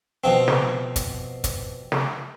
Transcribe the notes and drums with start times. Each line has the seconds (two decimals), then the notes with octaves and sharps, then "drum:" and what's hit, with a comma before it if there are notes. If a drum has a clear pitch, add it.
0.24 B2 F3 C4
0.48 drum: snare
0.96 drum: kick, hi-hat
1.44 drum: kick, hi-hat
1.92 drum: snare